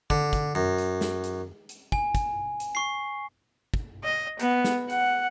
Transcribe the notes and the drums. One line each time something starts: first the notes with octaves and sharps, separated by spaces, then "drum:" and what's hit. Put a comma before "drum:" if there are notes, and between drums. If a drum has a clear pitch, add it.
D3, drum: kick
drum: kick, hi-hat
F#2
drum: hi-hat
drum: snare
drum: hi-hat
drum: hi-hat
G#5, drum: kick
drum: kick, hi-hat
drum: hi-hat
C#6 C7
drum: kick
D#5
B3, drum: hi-hat
drum: snare
F#5, drum: hi-hat